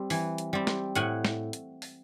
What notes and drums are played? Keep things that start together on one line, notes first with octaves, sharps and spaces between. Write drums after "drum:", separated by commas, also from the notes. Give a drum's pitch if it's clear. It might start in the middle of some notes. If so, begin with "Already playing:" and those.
Already playing: G3 C4
E3, drum: open hi-hat
drum: hi-hat
G3 C4
drum: snare
A2 F#5 G#5, drum: hi-hat
drum: snare
drum: hi-hat
drum: open hi-hat